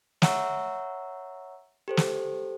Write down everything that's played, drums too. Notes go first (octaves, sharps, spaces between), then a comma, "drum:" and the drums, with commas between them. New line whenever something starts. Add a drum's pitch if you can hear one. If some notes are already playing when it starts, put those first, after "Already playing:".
C#5 E5 F#5 A#5 C#6 E6, drum: snare
G4 A4 C5
drum: snare